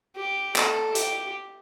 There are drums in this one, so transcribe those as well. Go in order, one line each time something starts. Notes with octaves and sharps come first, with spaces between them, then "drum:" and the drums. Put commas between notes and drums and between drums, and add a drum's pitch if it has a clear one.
G4
A4, drum: clap
G4, drum: hi-hat